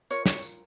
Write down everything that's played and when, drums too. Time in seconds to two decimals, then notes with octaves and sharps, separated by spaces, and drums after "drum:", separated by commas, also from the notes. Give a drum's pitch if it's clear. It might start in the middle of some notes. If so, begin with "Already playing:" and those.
0.10 F4 A#4 C#5, drum: tambourine
0.26 C#5, drum: snare
0.42 drum: tambourine